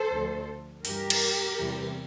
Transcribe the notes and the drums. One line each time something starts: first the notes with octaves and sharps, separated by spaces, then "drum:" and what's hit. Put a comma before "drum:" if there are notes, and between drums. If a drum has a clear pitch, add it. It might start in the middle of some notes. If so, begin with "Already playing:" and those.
Already playing: A4 C5
D2 D3 F3
G2 E3 G3 G4 A#4, drum: open hi-hat
drum: cymbal
E2 C3 E3 G3